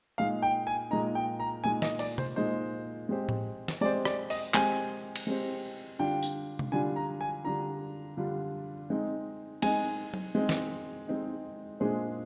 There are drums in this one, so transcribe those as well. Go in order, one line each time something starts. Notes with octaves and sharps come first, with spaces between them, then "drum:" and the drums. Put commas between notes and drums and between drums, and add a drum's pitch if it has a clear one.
A#2 G#3 D#4 F5
G5
G#5
A#2 G#3 D#4 A#5
G5
A#5
A#2 G#3 D#4 G#5
D#5, drum: snare
D5, drum: open hi-hat
C5, drum: tom C3
A#2 G#3 D#4 C5
G#3 C4 G4 C5
drum: tom A2
drum: snare
G#3 C4 G4 C5 D5
D5, drum: rim click
D#5, drum: open hi-hat
G#3 C4 G4 C5 G#5, drum: clap
drum: cymbal
G#3 C4 G4 C5
D3 G3 D4 F4 G5
drum: tambourine
drum: tom C3
D3 G3 D4 F4 G#5
A#5
G#5
D3 G3 D4 F4 A#5
D3 G3 D4 F4
G#3 C4 D#4
G#3 C4 D#4 G#5, drum: cymbal
drum: tom F#3
G#3 C4 D#4
drum: snare
G#3 C4 D#4
A#2 G#3 D4 G#4 C5